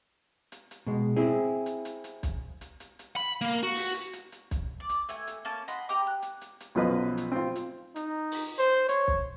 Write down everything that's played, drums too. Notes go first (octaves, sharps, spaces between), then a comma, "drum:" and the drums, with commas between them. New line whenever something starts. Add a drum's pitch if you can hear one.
drum: hi-hat
drum: hi-hat
B2 G#3
C4 E4 G#4
drum: hi-hat
drum: hi-hat
drum: hi-hat
drum: kick B1, hi-hat
drum: hi-hat
drum: hi-hat
drum: hi-hat
B5
A#3
F#4
drum: open hi-hat
drum: hi-hat
drum: hi-hat
drum: hi-hat
drum: kick B1, hi-hat
D5
drum: hi-hat
A3 G#5, drum: hi-hat
drum: hi-hat
A#3 C#4 A5
D#5 F#5 B5 C6, drum: hi-hat
G4 D#5 A#5 D6
F#6
drum: hi-hat
drum: hi-hat
drum: hi-hat
B1 F#2 F3 F#3 B4 D#5
drum: hi-hat
C4 F4
drum: hi-hat
D#4, drum: hi-hat
drum: open hi-hat
C5
C#5, drum: hi-hat
drum: kick B1